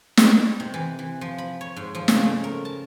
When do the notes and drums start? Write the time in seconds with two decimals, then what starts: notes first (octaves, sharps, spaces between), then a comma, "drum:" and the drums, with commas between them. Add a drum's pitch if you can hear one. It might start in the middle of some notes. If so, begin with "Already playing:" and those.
0.17 drum: snare
0.60 C3
0.74 E3
0.99 E3
1.21 F3
1.38 B5
1.61 C#5
1.77 G#2
1.95 F3
2.08 C#3, drum: snare
2.23 A3
2.44 A#4
2.65 A5